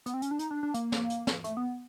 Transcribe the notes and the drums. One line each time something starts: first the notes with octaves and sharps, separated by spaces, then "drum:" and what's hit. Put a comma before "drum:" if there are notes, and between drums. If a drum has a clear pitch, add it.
B3, drum: hi-hat
C4
C#4, drum: hi-hat
D4
D#4, drum: hi-hat
D4
D4
A#3, drum: hi-hat
drum: snare
drum: hi-hat
drum: snare
A3, drum: hi-hat
B3